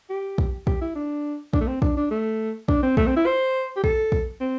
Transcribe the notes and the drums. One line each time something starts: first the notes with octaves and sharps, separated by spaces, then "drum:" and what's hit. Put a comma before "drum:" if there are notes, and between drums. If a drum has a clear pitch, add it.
G4
drum: kick
G4, drum: kick
E4
D4
D4, drum: kick
A3
C4
D4, drum: kick
D4
A3
D4, drum: kick
C4
A3, drum: kick
C4
E4
C5
G4
A4, drum: kick
drum: kick
C4